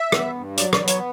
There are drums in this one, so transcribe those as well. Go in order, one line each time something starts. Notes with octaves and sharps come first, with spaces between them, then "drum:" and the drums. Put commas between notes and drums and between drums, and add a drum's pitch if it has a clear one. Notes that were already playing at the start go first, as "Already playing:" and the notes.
Already playing: E5
B3, drum: rim click
G2
F#3 D5, drum: hi-hat
D5, drum: rim click
B3
C#5, drum: hi-hat